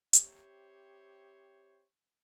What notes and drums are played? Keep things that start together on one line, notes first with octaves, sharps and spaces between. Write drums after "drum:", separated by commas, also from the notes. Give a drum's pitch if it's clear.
C4 E4 G4 C5 C#5, drum: hi-hat